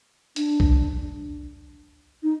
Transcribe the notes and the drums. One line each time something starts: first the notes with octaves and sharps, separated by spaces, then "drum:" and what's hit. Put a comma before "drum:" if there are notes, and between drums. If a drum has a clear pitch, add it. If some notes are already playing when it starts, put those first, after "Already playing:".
D4, drum: hi-hat
drum: kick B1
D#4